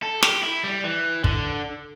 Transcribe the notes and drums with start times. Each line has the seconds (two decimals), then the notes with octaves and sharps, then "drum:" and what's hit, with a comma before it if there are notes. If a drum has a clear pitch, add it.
0.03 A4
0.23 G4, drum: snare
0.43 E4
0.63 G3
0.84 E3
1.24 D3, drum: kick